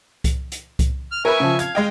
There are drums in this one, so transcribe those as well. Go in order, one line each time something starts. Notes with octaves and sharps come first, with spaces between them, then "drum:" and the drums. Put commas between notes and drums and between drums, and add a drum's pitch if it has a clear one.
drum: kick C2, hi-hat
drum: hi-hat
drum: kick C2, hi-hat
F6
A#4 B4 E5 G#5 C#6
C#3 F3
F5 G#6, drum: hi-hat
G#3 D#5 G5